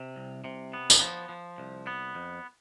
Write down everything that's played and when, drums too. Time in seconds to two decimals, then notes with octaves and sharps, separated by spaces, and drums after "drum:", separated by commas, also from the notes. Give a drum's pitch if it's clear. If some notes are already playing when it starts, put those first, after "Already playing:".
Already playing: C3
0.16 C2
0.44 C3
0.73 B3
0.90 drum: tambourine
1.01 F3
1.29 F3
1.58 C2
1.87 B3
2.15 F2